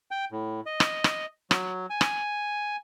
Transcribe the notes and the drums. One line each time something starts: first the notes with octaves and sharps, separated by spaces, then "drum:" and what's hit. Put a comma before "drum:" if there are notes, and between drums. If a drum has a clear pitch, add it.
G5
A2
D#5
drum: rim click
drum: rim click
F#3, drum: rim click
G#5
drum: rim click